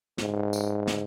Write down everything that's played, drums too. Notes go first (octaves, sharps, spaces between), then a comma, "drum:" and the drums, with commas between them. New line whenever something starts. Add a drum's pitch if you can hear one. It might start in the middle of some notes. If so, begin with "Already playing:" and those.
G#2, drum: snare
drum: tambourine
drum: snare